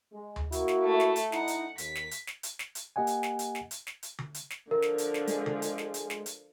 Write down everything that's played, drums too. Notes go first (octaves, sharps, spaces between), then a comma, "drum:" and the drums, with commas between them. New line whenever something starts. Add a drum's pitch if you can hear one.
G#3
drum: tom D2
A#3 E4 F#4, drum: hi-hat
drum: snare
A3
drum: snare
drum: hi-hat
D#4 E4 F#5, drum: snare
drum: hi-hat
D#2 B6, drum: hi-hat
drum: snare
drum: hi-hat
drum: snare
drum: hi-hat
drum: snare
drum: hi-hat
A#3 G4 D#5 F#5 G#5
drum: hi-hat
drum: snare
drum: hi-hat
drum: snare
drum: hi-hat
drum: snare
drum: hi-hat
drum: tom D3
drum: hi-hat
drum: snare
D3 F3 A#4
drum: snare
drum: hi-hat
drum: snare
G#3, drum: hi-hat
drum: tom D3
drum: hi-hat
drum: snare
drum: hi-hat
drum: snare
drum: hi-hat